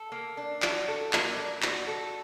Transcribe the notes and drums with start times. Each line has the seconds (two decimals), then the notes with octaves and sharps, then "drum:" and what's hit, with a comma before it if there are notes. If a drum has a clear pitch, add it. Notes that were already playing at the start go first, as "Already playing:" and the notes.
Already playing: A4
0.12 A#3
0.37 D4
0.62 F#4, drum: clap
0.88 A4
1.13 A#3, drum: clap
1.37 D4
1.62 F#4, drum: clap
1.87 A4